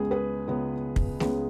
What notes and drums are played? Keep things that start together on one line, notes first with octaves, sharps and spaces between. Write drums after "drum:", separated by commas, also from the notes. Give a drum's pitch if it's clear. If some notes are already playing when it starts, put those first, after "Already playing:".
Already playing: C#2 C#3 G#3 B3 G#4 B4
G#4 B4
C#2 C#3 G#3 B3
drum: kick
C#2 C#3 G#3 B3, drum: snare A3